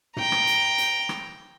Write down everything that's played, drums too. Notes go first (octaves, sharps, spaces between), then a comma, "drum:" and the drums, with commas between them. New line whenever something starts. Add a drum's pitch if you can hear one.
G5 A#5, drum: tom
drum: rim click
drum: hi-hat
drum: hi-hat
drum: rim click